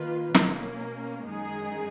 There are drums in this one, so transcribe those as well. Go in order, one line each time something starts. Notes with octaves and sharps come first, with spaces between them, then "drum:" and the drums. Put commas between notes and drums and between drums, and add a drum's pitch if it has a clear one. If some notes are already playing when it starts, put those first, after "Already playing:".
Already playing: D#3 A#3 F4 B4
B2 A#3 C#4, drum: snare
F#2 D#3 G#3 D#4 G#4